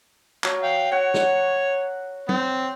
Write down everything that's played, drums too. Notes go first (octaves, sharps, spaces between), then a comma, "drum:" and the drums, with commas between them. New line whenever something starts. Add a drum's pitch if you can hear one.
F#3, drum: clap
F5 G5
C#5 F#5
drum: snare
C4, drum: tom F#3